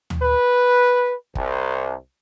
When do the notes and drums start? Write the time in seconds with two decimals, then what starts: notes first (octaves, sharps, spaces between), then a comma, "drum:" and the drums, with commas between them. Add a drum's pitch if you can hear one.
0.10 drum: tom
0.23 B4
1.35 C2, drum: kick